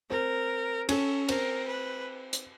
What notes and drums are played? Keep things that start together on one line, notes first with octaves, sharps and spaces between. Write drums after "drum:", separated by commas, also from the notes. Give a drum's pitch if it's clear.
C4 A#4
C#4 A4, drum: cymbal
C4 A#4, drum: cymbal
B4
drum: hi-hat